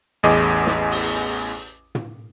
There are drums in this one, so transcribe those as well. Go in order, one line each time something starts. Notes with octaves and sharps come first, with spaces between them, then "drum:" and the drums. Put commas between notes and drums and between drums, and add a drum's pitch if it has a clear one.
A1 E2 G#4 D#5 D6
drum: snare
drum: open hi-hat
drum: tom